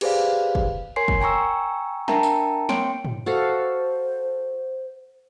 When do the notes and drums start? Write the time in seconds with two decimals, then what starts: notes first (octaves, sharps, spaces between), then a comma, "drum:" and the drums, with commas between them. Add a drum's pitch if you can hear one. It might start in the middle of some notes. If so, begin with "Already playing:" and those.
0.01 G4 G#4 B4 C5 D5 F5, drum: cymbal
0.55 drum: kick
0.96 A#4 C#5 G#5 C6 C7
1.08 drum: kick
1.21 G5 G#5 A#5 C#6 E6
2.08 D4 A#4 E5 G5 A5 A#5, drum: snare
2.23 drum: tambourine
2.69 A#3 C4 C#5 G5 C6 D7, drum: snare
3.05 drum: tom
3.26 F#4 A4 C5 F5